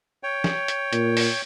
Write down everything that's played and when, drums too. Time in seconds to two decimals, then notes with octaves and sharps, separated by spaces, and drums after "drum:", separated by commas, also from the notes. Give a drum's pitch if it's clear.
0.23 C#5 G5
0.44 drum: snare
0.68 drum: hi-hat
0.93 A#2, drum: hi-hat
1.17 drum: open hi-hat